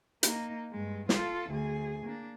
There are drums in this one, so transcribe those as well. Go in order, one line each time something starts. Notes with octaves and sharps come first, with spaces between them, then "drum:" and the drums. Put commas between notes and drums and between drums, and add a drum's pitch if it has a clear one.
A#3 D#4, drum: hi-hat
G2 G#3
F4 A4, drum: snare
D2 G#4
A#3 D4